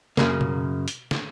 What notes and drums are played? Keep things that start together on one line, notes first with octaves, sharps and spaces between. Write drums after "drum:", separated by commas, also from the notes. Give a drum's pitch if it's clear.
F#2 C#3 A#3, drum: snare
drum: tom B2
drum: hi-hat
drum: snare